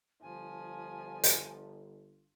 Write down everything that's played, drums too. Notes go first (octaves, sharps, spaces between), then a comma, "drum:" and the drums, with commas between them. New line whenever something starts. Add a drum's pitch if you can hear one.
G1 F3 G#5
drum: hi-hat